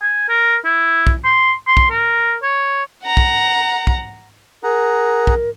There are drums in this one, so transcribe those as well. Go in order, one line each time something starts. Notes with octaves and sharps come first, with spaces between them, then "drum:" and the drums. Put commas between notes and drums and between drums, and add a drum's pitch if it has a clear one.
G#5
A#4
E4
drum: kick
C6
C6
drum: kick
A#4
C#5
F#5 A#5
drum: kick
drum: kick
G#4 A#4 F#5 A#5
drum: kick